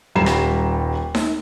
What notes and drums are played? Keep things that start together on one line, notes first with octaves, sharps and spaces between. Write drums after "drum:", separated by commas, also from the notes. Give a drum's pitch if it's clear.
D#1 G3 A#5 B5 C7 E7
drum: rim click
drum: snare D#4